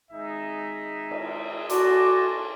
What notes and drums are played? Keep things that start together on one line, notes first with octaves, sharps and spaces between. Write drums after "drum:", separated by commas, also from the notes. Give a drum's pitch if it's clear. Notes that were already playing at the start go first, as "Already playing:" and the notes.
G#1 G#3 D#4 G#4 E5
drum: cymbal
C4 F#4 A4 D5 G#5 A5 C6, drum: hi-hat